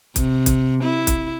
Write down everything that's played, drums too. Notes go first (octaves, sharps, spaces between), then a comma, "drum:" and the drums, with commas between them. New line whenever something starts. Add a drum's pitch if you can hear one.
C3, drum: kick, hi-hat
drum: kick, hi-hat
E4
drum: kick, hi-hat